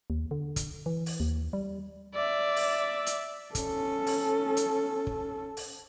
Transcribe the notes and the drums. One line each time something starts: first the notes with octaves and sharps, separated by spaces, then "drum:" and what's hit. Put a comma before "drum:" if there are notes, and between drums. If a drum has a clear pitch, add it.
D#2
D3
drum: kick, hi-hat
E3
drum: open hi-hat
D#2
G3
D5 E5
drum: open hi-hat
drum: hi-hat
C#4 A4, drum: kick, hi-hat
drum: open hi-hat
drum: hi-hat
drum: kick
drum: open hi-hat